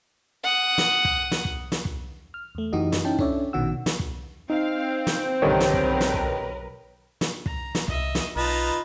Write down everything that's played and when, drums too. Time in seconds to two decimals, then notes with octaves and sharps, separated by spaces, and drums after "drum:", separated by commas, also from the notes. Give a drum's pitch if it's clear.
0.44 F#5 D#6
0.78 drum: snare
1.05 drum: kick
1.31 drum: snare
1.45 drum: kick
1.72 drum: snare
1.85 drum: kick
2.34 F6
2.55 E2 A3
2.73 F#2 E3 D#4 F#4 G4 D#5
2.92 drum: snare
3.05 C#4 D#4 E4 G5 A5
3.19 C#4 D4 A4 C#5 D5 E5, drum: kick
3.53 A#1 B2 D#3 F#4 F#5 E6
3.86 drum: snare
3.99 drum: kick
4.50 C4 D#4 F5
5.07 drum: snare
5.42 B1 G2 D3 D#3 A#4 B4 C#5
5.60 drum: snare
5.74 drum: kick
6.00 drum: snare
6.14 drum: kick
7.21 drum: snare
7.46 A#5, drum: kick
7.75 drum: snare
7.88 C2 D#5 E5, drum: kick
8.15 drum: snare
8.36 B1 D#4 F4 B4 A5 A#5